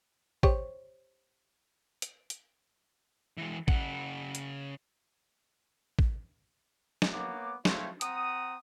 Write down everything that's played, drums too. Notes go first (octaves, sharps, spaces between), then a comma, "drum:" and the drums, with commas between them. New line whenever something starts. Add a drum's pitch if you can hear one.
G4 C5 C#5, drum: kick
drum: hi-hat
drum: hi-hat
E3 G#3
C#3 F#5, drum: kick
drum: hi-hat
drum: kick
drum: snare
A#3 B3 C#5 F#5 D6
A3 C4 E4 C5 C#5 F5, drum: snare
C4 F#5 A#5 D#6, drum: hi-hat